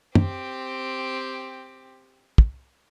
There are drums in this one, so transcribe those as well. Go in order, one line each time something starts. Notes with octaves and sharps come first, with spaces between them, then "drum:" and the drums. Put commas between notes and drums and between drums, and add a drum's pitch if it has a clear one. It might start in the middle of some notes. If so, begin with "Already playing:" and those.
C4 G4, drum: tom
drum: kick